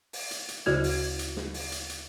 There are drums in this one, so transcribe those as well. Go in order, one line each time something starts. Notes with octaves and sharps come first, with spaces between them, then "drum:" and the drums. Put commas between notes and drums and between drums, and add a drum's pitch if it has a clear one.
drum: open hi-hat
drum: hi-hat
drum: hi-hat
D2 C#3 E4 F#4 D5 G#6, drum: snare
drum: open hi-hat
drum: hi-hat
drum: snare
drum: open hi-hat
drum: hi-hat
drum: hi-hat